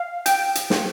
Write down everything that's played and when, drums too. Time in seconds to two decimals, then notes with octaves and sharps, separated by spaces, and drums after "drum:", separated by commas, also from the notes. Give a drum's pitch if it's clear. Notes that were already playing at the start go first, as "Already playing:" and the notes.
Already playing: F5
0.26 G5, drum: hi-hat
0.55 drum: hi-hat
0.70 drum: snare